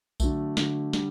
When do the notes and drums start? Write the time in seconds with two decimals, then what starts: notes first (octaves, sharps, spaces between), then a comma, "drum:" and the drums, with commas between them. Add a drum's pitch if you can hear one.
0.20 D3 F#3 A3, drum: kick B1, tambourine
0.57 D3 F#3 A3, drum: snare
0.93 D3 G3, drum: snare